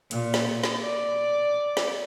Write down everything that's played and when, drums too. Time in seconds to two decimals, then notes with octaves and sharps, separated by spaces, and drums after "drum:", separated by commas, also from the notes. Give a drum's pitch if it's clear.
0.11 A#2, drum: hi-hat
0.34 drum: snare
0.64 drum: snare
0.82 D5
1.77 drum: snare